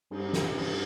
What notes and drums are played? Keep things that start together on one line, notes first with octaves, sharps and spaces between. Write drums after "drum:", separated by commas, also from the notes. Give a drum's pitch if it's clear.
G2, drum: cymbal
drum: snare
drum: cymbal